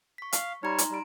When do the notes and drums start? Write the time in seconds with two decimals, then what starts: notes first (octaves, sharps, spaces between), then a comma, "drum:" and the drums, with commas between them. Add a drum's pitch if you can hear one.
0.18 C#6 B6
0.33 F5, drum: hi-hat
0.63 G3 D#4 C#5 A#5 C6
0.78 drum: hi-hat
0.90 G3 A#5 D7